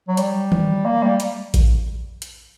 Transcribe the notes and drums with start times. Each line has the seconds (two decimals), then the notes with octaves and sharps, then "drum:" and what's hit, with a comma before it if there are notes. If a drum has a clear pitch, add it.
0.08 F#3
0.17 G3, drum: hi-hat
0.52 drum: tom
0.85 A#3
1.03 G3
1.20 drum: hi-hat
1.54 drum: kick A1, hi-hat
2.22 drum: hi-hat